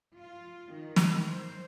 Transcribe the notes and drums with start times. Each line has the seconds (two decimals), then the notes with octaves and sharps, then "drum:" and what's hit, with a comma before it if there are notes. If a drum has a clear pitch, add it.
0.17 F4
0.74 D#3
0.96 drum: snare
1.28 C5